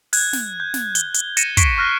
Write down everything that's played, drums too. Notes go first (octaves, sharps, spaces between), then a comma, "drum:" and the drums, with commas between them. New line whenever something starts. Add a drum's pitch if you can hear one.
F#6 G#6, drum: open hi-hat
drum: snare
G6
drum: snare
G7, drum: hi-hat
drum: hi-hat
A6 A#6 C#7 D#7 E7, drum: hi-hat
C#6 B6 C7 D7, drum: kick, hi-hat
C#6 F6 F#6 A#6